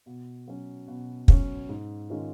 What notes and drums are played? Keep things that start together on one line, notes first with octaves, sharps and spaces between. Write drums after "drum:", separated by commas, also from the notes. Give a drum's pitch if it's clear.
B2
F#3 C#4
B2
F#3 C#4, drum: kick
G#2
D#3 G#3 C#4 F4